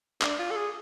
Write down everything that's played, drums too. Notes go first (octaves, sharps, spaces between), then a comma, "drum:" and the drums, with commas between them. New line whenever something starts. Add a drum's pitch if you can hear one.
D4, drum: clap
F4
A4
G#4